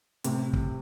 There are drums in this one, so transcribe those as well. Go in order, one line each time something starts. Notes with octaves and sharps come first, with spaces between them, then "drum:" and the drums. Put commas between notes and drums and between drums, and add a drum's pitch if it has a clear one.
A2 C3, drum: hi-hat
drum: kick